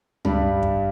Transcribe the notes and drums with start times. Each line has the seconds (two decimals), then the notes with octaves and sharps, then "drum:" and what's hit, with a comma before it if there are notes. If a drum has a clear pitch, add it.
0.25 G2 G3, drum: tom C#2
0.63 drum: kick